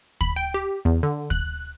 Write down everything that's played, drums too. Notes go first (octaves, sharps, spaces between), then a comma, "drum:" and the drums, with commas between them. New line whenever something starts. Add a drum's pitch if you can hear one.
B5, drum: kick
G5
G4
E2
D3
F#6, drum: kick